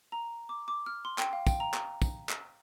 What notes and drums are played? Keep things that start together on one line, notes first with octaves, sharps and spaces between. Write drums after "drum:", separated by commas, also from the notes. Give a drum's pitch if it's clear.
A#5
D6
D6
F6
C6
G5, drum: clap
F5
G5, drum: kick, tambourine
A#5
drum: clap
drum: kick, tambourine
drum: clap